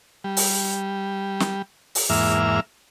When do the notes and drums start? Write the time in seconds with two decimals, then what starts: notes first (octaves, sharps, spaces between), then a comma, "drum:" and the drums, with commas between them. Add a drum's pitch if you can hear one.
0.24 G3
0.37 drum: open hi-hat
1.40 drum: snare
1.95 drum: open hi-hat
2.10 E2 G#2 A#3 E5 F6